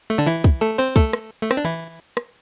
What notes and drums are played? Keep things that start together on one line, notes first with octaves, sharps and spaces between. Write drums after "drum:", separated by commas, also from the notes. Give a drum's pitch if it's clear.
A3
D3 D4
E3 E4
drum: kick
A3 A4
C4 C5
A3 A4, drum: kick
drum: rim click
A3
C4, drum: rim click
D4
E3 E4
drum: rim click